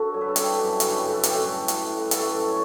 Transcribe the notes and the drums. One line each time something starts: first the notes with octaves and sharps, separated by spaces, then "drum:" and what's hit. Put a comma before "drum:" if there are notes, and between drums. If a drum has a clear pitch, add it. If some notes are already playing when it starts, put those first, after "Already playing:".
Already playing: D3 F#4 A4
G2 C#5
B4
A4
G3 E4 G4, drum: hi-hat
F#2 D4 F#4
C#3 C#4 E4, drum: hi-hat
G4 B4
F#2 F#4 A4
F#4 A4
A2 G4 B4, drum: hi-hat
G3
G3, drum: hi-hat
A2
B4
G3 F#4 A4, drum: hi-hat
F#2
C#5